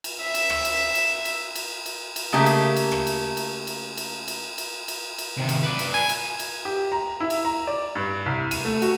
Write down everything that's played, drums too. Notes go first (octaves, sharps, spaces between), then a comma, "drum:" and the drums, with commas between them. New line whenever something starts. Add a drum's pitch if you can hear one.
drum: cymbal
E5
drum: cymbal
drum: rim click
drum: cymbal
drum: cymbal
drum: cymbal
drum: cymbal
drum: cymbal
drum: cymbal
C#3 A3 A#3 G4
drum: cymbal
drum: cymbal
drum: rim click
drum: cymbal
drum: cymbal
drum: cymbal
drum: cymbal
drum: cymbal
drum: cymbal
drum: cymbal
drum: cymbal
C3 D#3
drum: cymbal
B4 D5
drum: cymbal
G#5
drum: cymbal
drum: cymbal
G4
A#5
E4
drum: cymbal
A#5
D5
G2
C2
D#7, drum: cymbal
A3
F#4, drum: cymbal